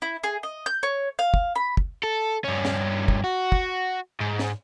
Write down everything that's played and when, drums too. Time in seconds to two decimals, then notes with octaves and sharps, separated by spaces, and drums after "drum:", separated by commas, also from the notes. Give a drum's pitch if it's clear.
0.02 E4
0.24 G#4
0.43 D#5
0.66 G6
0.83 C#5
1.19 F5
1.34 drum: kick
1.56 B5
1.77 drum: kick
2.04 A4
2.44 G2 C#4
2.65 drum: snare
3.08 drum: kick
3.24 F#4
3.52 drum: kick
4.20 G#2
4.39 drum: snare